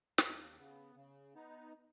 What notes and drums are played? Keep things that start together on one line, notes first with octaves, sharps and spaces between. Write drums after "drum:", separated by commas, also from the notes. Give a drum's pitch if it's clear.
D#2, drum: snare
C#3 B3
C#3
B3 D#4